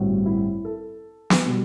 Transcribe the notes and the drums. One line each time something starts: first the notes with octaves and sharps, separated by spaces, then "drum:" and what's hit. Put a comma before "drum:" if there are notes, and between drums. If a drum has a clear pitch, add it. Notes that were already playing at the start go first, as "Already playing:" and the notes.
Already playing: A1 G2 D3 G3 C4 F#4
E4
A4
drum: snare
B2 G3